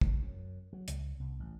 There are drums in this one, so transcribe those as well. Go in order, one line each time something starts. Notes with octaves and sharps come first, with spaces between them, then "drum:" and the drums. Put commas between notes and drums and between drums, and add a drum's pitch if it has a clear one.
C#2, drum: kick
F#2
F#3
C#2, drum: hi-hat
C2
A1